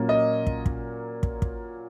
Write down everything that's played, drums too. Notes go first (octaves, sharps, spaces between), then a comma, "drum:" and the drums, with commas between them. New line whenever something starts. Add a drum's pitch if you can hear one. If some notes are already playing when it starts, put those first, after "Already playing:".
Already playing: A#2 F#3 A#3 C#4
D#5
drum: kick
drum: kick
drum: kick
drum: kick